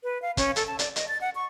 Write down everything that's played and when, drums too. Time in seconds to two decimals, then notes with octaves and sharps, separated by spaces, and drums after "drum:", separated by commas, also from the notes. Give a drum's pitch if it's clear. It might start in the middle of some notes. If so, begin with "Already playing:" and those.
0.03 B4
0.22 F5
0.37 C#4, drum: kick, hi-hat
0.56 A4, drum: hi-hat
0.67 A5
0.79 D5, drum: hi-hat
0.96 D#5, drum: hi-hat
1.08 A6
1.21 F#5
1.35 C#6